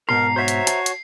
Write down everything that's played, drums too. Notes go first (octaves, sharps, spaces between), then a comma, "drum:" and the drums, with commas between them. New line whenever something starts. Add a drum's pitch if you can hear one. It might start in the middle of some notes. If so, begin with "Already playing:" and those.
G#2 B2 A#4 A#5 C6 C7
F#4 C5 C#5 E5 A#5
drum: hi-hat
A5 C7, drum: hi-hat
drum: hi-hat